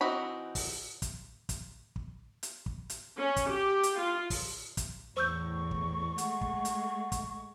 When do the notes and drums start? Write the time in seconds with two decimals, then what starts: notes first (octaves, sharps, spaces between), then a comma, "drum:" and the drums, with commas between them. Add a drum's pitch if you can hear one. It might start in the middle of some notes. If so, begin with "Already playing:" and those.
0.01 E3 C4 D#4 F#4 B5
0.55 drum: kick, open hi-hat
1.02 drum: kick, hi-hat
1.49 drum: kick, hi-hat
1.96 drum: kick
2.43 drum: hi-hat
2.66 drum: kick
2.90 drum: hi-hat
3.18 C#4
3.36 drum: kick, hi-hat
3.50 G4
3.83 drum: hi-hat
3.99 F4
4.30 drum: kick, open hi-hat
4.77 drum: kick, hi-hat
5.17 E2 A2 C5 C#6 E6 G6
5.71 drum: kick
6.18 G#3 A3 F#5, drum: hi-hat
6.41 drum: kick
6.65 drum: hi-hat
7.12 drum: kick, hi-hat